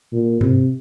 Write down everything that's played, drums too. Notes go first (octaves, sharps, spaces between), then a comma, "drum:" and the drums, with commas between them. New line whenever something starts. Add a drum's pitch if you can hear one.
A#2
C3, drum: tom G2